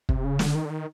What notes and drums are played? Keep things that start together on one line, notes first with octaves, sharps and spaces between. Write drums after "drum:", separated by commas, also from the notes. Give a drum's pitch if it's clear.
C3, drum: kick
C#3
D3, drum: snare
D#3
D3
D#3